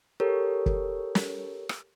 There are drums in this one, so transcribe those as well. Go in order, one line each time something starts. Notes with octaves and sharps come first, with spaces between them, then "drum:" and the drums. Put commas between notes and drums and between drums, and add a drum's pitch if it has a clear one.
G4 A4 A#4 C#5
drum: kick
drum: snare
drum: rim click